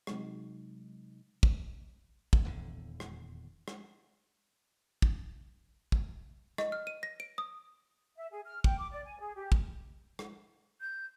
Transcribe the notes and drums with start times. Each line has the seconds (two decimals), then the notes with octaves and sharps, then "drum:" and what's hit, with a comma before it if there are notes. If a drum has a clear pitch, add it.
0.07 C3 F#3 G#3 D#4, drum: rim click
1.43 drum: kick
2.33 drum: kick
2.45 D#1 E2 D3
3.00 drum: rim click
3.68 drum: rim click
5.02 drum: kick
5.92 drum: kick
6.58 D#5, drum: rim click
6.72 F6
6.87 D#7
7.03 A#6
7.20 D7
7.38 D#6
8.17 E5
8.31 G#4
8.46 F6
8.64 G5, drum: kick
8.79 D6
8.91 D5
9.05 G#5
9.20 G#4
9.36 G4
9.52 drum: kick
10.19 drum: rim click
10.81 G6